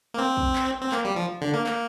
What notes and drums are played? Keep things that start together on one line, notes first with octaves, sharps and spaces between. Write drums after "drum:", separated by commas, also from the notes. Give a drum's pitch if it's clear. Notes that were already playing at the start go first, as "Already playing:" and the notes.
A#3
C4
drum: kick
drum: clap
C4
A#3, drum: clap
G3
F3
D3
A#3
A#3, drum: clap